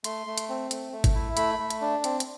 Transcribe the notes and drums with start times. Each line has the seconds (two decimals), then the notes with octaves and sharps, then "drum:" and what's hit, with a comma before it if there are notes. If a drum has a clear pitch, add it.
0.04 A3 C6, drum: hi-hat
0.27 A3
0.38 drum: hi-hat
0.49 C4
0.71 A3, drum: hi-hat
0.93 A3
1.04 drum: kick G#1, hi-hat
1.15 E4
1.37 A3 B5, drum: hi-hat
1.59 A3
1.70 drum: hi-hat
1.81 D4
2.04 C4, drum: hi-hat
2.20 drum: hi-hat